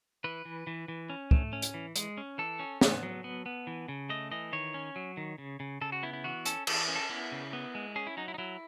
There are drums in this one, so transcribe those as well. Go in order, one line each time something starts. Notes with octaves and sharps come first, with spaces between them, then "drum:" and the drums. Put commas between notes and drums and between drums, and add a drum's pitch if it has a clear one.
E3 B4
E3
E3
E3
C#4
A3, drum: kick
C#4
drum: hi-hat
E3
G#3, drum: hi-hat
C#4
E3 A4
C#4
B3, drum: snare
F#3
B3
B3
E3
C#3
A3 D#5
E3 D#5
D#3 C#5
C#4
F#3
D#3
C#3
C#3
C#3 A4
F#4
B3 E4
E4
E3 F#4
C#4 A4, drum: hi-hat
E3 A4, drum: cymbal
C#4
A4
B3 E4
C#3
B3
G#3
C#4 G#4
E4
F#3 D#4
E4
D#4
F#3 E4